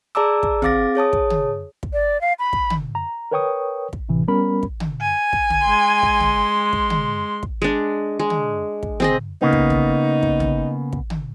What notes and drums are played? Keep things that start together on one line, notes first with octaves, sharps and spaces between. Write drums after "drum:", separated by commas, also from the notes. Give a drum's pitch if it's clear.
G#4 D5 A5 A#5 D6 E6
drum: kick
C4 G#4 F5 D6 A6 A#6, drum: tom
G#4 C#5 A5 D#6
drum: kick
drum: tom
drum: kick
D5
F5
B5
drum: kick
drum: tom
A#5
A#4 B4 C#5 G5 C#6 D#6
drum: kick
A2 C3 E3
G3 B3 C#4 A#4 B5
drum: kick
drum: tom
G#5
drum: kick
drum: tom
G#3 C6
drum: kick
drum: tom
drum: kick
drum: tom
drum: kick
G#3 D4
G#3
drum: tom
drum: kick
C4 G#4 D#5, drum: tom
C#3 A#3 B3 D#4
drum: kick
drum: tom
drum: kick
drum: tom
drum: kick
drum: tom